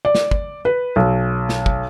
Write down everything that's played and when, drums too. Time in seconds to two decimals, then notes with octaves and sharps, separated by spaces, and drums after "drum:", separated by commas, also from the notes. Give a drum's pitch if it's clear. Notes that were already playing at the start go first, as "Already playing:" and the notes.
0.05 D5
0.15 drum: snare
0.31 drum: kick
0.65 B4
0.96 B1
1.49 drum: snare
1.66 drum: kick